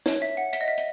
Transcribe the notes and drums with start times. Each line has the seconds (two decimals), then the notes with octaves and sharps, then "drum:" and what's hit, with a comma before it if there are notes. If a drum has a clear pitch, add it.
0.06 C#5, drum: snare
0.22 E5
0.37 F#5
0.53 E5, drum: hi-hat
0.61 D#5
0.68 E5
0.78 drum: hi-hat